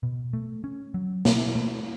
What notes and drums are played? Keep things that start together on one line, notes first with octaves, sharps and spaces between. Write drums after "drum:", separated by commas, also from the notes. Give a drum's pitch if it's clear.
B2
A3
C#4
F#3
B2, drum: snare
A3